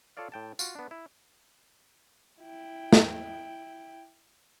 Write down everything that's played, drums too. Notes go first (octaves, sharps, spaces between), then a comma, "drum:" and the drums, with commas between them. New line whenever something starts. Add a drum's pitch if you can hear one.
F4 A4 C#5 D5 F5
A2 G5 A5
F4 F#4, drum: tambourine
B3 D4
E4
E4 G5
drum: snare